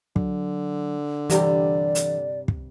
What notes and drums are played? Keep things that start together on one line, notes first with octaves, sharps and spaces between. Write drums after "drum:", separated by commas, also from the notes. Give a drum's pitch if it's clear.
D3 F#3, drum: kick
G2 C3 E3 G3 D5, drum: hi-hat
drum: hi-hat
drum: kick